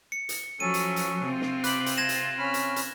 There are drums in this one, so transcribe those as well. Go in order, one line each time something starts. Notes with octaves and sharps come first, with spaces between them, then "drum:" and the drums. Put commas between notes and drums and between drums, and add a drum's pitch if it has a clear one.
C#7
drum: hi-hat
F3 F#3 C#4 A4 D#7
drum: hi-hat
drum: hi-hat
C3 C4 F4
drum: snare
B5 D6 F#6 F#7, drum: hi-hat
drum: hi-hat
A5 G#6 A#6 E7
drum: hi-hat
C#4 B5 F6
drum: hi-hat
drum: hi-hat